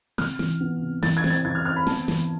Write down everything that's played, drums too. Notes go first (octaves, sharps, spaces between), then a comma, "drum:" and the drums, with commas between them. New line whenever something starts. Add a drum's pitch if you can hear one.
C3 F6, drum: snare
E3, drum: snare
B3
C3
E3 A6, drum: snare
G#6
C4, drum: snare
A6
E3 G#6
F6
C4 F6
B5
B3 A5, drum: snare
E3, drum: snare